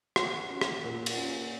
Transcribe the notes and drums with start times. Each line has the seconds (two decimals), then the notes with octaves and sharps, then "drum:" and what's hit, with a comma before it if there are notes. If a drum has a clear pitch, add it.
0.16 F#4, drum: rim click
0.50 C#4
0.61 drum: rim click
0.84 A#2
1.06 drum: cymbal
1.18 C#4